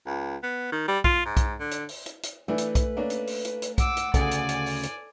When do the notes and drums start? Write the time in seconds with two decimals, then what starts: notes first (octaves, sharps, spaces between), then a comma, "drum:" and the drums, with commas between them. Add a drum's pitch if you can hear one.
0.06 C#2
0.43 B3
0.72 D#3
0.88 G3
1.04 F4, drum: kick B1
1.25 G#2
1.37 drum: kick B1, hi-hat
1.60 D3
1.71 drum: hi-hat
1.89 drum: open hi-hat
2.06 drum: hi-hat
2.23 drum: hi-hat
2.48 E3 A3 D4 E4 B4
2.58 drum: hi-hat
2.75 drum: kick B1, hi-hat
2.97 A#3 C#4 D4
3.10 drum: hi-hat
3.27 drum: open hi-hat
3.45 drum: hi-hat
3.62 drum: hi-hat
3.78 F#5 D6 E6, drum: kick B1, hi-hat
3.97 drum: hi-hat
4.14 D2 C#3 A4 D5 G#5, drum: kick B1, hi-hat
4.31 drum: hi-hat
4.49 drum: hi-hat
4.66 drum: open hi-hat
4.83 drum: hi-hat